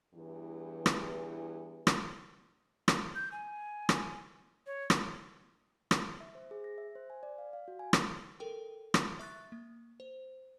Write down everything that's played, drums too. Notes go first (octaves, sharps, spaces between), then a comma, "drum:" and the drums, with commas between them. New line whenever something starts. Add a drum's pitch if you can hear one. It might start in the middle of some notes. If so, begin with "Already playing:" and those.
E2 G2 E3
drum: rim click
drum: rim click
drum: rim click
G6
G#5
drum: rim click
C#5
drum: rim click
drum: rim click
E5
C5
G#4
A#6
E5
C5
G#5
D5
F5
F5
F#4
G#5
drum: rim click
A4 A#4 G5
drum: rim click
E5 C#6 F#6 A6
A#3
C5